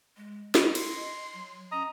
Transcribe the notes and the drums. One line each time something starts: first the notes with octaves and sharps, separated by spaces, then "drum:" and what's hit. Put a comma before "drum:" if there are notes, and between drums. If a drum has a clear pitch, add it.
G#3
D#5, drum: snare
C6, drum: cymbal
F#3
C#4 D#5 A#5 D#6